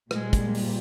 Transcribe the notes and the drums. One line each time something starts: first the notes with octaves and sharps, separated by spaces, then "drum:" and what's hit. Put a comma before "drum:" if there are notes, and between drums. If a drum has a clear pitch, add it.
A#2 G3 G#3, drum: rim click
drum: kick, hi-hat
drum: open hi-hat